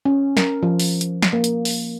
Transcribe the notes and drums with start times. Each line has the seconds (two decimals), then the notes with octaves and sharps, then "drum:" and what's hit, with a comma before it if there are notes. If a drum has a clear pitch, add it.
0.05 C#4
0.37 A#4, drum: snare
0.63 F3
0.80 drum: open hi-hat
1.01 drum: hi-hat
1.22 drum: snare
1.33 A#3
1.44 drum: hi-hat
1.65 drum: open hi-hat